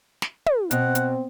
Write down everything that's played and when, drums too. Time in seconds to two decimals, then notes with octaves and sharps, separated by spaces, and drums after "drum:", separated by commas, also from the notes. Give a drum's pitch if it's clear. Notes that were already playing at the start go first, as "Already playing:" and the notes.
0.22 drum: snare
0.46 drum: tom
0.71 B2 C4 F#5, drum: hi-hat
0.95 drum: hi-hat